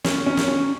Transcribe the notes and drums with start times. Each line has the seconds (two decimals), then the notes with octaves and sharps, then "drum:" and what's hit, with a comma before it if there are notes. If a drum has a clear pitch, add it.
0.04 C#4, drum: snare
0.26 C#4
0.37 drum: snare
0.48 C#4